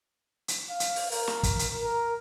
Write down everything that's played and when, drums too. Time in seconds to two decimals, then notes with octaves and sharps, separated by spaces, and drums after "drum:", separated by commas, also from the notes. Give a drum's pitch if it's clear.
0.48 drum: hi-hat
0.70 F5
0.80 drum: hi-hat
0.96 drum: open hi-hat
1.12 A#4, drum: open hi-hat
1.27 drum: snare
1.43 drum: kick, hi-hat
1.59 drum: hi-hat
1.83 A#4